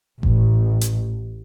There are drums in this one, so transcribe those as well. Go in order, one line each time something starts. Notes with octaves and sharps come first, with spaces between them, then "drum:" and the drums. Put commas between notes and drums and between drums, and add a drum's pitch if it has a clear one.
A1, drum: kick G1
drum: hi-hat